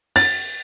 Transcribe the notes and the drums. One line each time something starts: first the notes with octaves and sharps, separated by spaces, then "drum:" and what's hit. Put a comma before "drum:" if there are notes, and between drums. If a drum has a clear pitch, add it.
A6, drum: open hi-hat